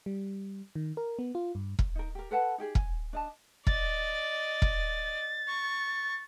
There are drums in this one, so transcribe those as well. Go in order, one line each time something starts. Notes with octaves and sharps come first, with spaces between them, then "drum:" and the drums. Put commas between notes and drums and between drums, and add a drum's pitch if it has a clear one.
G3
D#3
A#4
B3
F4
G2
drum: kick E1
D#4 A#4
G4 A#4
A4 B4 F#5 A5
D#4 G4 G#4
G#5, drum: kick E1
D4 D#5 A5
D5 D#5 A6, drum: kick E1
drum: kick E1
C#6